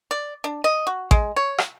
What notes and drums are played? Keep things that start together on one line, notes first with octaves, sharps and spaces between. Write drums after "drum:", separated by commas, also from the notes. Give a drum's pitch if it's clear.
D5
D4
D#5
F#4
G#3, drum: kick A1
C#5
drum: rim click